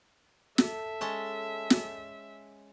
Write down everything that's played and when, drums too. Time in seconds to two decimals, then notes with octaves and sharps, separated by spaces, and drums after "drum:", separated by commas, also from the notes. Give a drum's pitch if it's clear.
0.58 A4 E5, drum: snare
1.01 G#3 C#4 A5
1.70 drum: snare